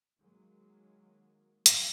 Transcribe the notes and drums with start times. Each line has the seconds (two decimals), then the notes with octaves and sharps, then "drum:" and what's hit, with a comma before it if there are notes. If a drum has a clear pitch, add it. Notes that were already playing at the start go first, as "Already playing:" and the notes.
0.19 D#3 F#3 G#3 A#3
1.66 drum: hi-hat